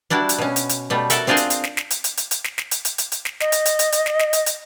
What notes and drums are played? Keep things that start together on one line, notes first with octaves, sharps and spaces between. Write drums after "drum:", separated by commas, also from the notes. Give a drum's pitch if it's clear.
G3 D4 E4 F#4 D5
drum: hi-hat
B2 C#4
drum: hi-hat
drum: hi-hat
B2 G3 A3
F#4 A4 A#4 E5, drum: hi-hat
C4 D4 F4 G#4 A#4 C5
drum: hi-hat
drum: hi-hat
drum: snare
drum: snare
drum: hi-hat
drum: hi-hat
drum: hi-hat
drum: hi-hat
drum: snare
drum: snare
drum: hi-hat
drum: hi-hat
drum: hi-hat
drum: hi-hat
drum: snare
D#5, drum: snare
drum: hi-hat
drum: hi-hat
drum: hi-hat
drum: hi-hat
drum: snare
drum: snare
drum: hi-hat
drum: hi-hat